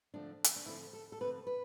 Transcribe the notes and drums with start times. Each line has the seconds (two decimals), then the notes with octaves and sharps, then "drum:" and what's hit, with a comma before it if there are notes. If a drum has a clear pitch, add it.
0.14 D3 F3 A3 C4 D4
0.44 drum: hi-hat
0.56 D4
0.66 D3 F3 A3 C4 E4
0.93 A4
1.12 A4
1.20 D3 F3 A3 C4 B4
1.47 B4